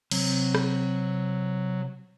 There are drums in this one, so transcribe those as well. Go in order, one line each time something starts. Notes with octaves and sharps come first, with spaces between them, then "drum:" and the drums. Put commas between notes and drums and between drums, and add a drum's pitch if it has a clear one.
C3 F#3 C4, drum: cymbal
drum: rim click